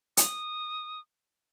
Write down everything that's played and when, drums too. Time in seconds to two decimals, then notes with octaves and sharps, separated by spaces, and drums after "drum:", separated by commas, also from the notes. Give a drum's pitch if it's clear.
0.17 D#6, drum: hi-hat